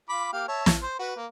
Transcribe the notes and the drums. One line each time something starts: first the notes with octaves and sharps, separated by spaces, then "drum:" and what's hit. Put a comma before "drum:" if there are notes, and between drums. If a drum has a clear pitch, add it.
F4 B5 D6
A#3 G4 F5
C#5 E5 A5
drum: snare
C5
F#4 B4
A#3